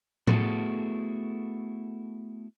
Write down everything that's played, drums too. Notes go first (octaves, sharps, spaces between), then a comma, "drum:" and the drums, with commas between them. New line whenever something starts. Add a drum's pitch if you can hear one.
A3 B3 E4 F#4 G#4 A4, drum: tom A2